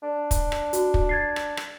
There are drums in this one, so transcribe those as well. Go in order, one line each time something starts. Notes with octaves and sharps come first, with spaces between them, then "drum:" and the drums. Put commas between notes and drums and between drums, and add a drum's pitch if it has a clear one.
D4
drum: kick, hi-hat
drum: rim click
F#4, drum: hi-hat
drum: kick
G#6 A6 C7
drum: rim click
drum: rim click